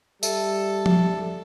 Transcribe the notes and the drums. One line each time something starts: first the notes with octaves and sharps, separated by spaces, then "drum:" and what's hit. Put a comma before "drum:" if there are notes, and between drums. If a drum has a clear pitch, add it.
G3 A4 E5, drum: tambourine
drum: tom F3